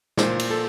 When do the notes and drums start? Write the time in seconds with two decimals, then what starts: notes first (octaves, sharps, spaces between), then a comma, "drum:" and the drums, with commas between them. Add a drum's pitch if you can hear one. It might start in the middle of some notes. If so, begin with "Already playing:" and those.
0.17 A#2 C5, drum: snare
0.39 drum: cymbal
0.50 A4